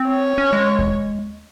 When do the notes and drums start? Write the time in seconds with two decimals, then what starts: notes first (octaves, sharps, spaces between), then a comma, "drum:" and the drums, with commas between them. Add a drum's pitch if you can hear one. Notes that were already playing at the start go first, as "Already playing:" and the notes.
Already playing: C4
0.09 C#5
0.38 C#4
0.53 G#3
0.79 drum: kick D#2